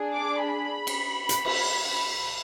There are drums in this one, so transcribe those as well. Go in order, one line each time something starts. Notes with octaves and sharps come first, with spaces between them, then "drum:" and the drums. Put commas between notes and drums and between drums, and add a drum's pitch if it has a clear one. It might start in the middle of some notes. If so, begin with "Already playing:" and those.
Already playing: D4 G#4
D6
B5
drum: cymbal
drum: hi-hat
drum: cymbal